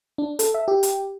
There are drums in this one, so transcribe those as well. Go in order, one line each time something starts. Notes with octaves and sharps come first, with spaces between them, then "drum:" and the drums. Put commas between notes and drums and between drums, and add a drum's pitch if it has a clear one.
D4
A4, drum: hi-hat
E5
G4
drum: hi-hat